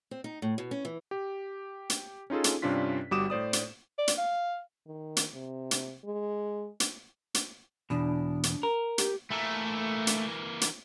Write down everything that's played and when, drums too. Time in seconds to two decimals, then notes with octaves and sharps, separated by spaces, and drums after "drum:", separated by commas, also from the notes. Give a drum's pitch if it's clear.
0.11 C4
0.24 D#4
0.42 A2
0.58 B2
0.71 C#4
0.85 E3
1.11 G4
1.90 drum: hi-hat
2.30 C#4 D#4 F4 G#4 A4
2.44 drum: hi-hat
2.62 G2 C3 C#4 D4 F4 B6
3.11 G1 G3 F#4 D6 D#6 E7
3.30 A2 C5 D5 D#6
3.53 drum: hi-hat
3.98 D5
4.08 drum: hi-hat
4.18 F5
4.87 D#3
5.17 drum: hi-hat
5.34 C3
5.71 drum: hi-hat
6.05 G#3
6.80 drum: hi-hat
7.34 drum: hi-hat
7.90 E2 B2 D4
8.43 drum: hi-hat
8.63 A#4
8.98 G4, drum: hi-hat
9.31 E3 A3 A#3
10.07 drum: hi-hat
10.61 drum: hi-hat